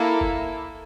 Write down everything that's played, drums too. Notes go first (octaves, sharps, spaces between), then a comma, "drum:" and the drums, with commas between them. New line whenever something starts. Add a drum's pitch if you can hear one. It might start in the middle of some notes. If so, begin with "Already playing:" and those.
Already playing: A#3 E4 A4
drum: kick F#1